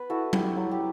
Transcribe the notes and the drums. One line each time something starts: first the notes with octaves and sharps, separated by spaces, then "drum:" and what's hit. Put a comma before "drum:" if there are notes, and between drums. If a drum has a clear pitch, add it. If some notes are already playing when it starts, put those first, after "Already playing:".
Already playing: B3 B4
E4 F#4 A4
B3 G4 B4, drum: tom F#3
F#3
G4